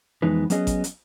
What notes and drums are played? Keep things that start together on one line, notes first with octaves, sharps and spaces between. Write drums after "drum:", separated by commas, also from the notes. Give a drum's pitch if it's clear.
F2 E3 G#3 B3 D#4 B4
F#3 B3 C#4 G#4 D#5, drum: hi-hat
drum: kick G#1, hi-hat
drum: hi-hat